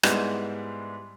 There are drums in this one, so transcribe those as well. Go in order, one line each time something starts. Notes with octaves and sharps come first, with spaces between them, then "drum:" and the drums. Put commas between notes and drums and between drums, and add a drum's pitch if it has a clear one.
G#2 G3 G#3 B3 E4 G4, drum: rim click